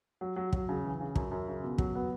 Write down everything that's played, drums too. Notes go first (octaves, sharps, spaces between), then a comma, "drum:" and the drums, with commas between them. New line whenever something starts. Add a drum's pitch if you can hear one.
F#3
F#3
F#3, drum: kick
C#3
E3
C#3
F#2, drum: kick
F#2
C#3
B2
F#3, drum: kick
B3